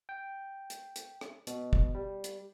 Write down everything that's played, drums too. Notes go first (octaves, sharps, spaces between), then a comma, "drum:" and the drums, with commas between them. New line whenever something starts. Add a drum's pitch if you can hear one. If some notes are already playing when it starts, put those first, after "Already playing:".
G5
drum: hi-hat
drum: hi-hat
drum: rim click
B2, drum: hi-hat
drum: kick
G3
drum: hi-hat